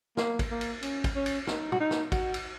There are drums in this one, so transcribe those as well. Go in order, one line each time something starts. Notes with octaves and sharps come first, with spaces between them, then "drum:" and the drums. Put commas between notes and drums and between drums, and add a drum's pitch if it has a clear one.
A#3, drum: snare
drum: kick, cymbal
A#3
drum: cymbal
C#4, drum: cymbal
drum: kick, cymbal
C#4
drum: cymbal
D#4, drum: snare
F#4, drum: tom
D#4
drum: snare
F#4, drum: kick, cymbal
drum: cymbal